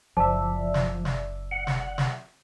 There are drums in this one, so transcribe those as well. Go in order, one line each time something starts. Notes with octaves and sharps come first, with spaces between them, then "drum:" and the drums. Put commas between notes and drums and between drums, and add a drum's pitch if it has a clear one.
F#1 F3 D5 E5 A5
drum: snare
drum: snare
F#5
drum: snare
drum: snare